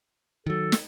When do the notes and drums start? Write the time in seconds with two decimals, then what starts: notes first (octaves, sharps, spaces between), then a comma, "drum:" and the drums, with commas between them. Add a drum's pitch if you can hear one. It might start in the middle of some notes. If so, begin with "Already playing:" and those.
0.46 D#3 F#3 A4
0.72 drum: snare